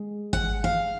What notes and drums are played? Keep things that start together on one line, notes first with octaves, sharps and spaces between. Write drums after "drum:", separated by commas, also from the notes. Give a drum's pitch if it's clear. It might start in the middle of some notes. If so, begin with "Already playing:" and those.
Already playing: G#3
F#5, drum: kick G#1, hi-hat
F5